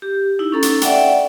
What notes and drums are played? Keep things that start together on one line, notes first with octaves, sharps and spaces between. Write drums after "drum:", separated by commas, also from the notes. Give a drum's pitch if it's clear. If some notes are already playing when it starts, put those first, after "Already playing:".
G4
D#4 E4
C#4 A4 A#5
drum: hi-hat
D5 E5 F#5 G5, drum: hi-hat